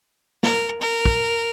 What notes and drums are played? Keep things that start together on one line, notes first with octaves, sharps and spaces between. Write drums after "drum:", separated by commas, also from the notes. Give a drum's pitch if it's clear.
A#4, drum: snare
A#4
drum: kick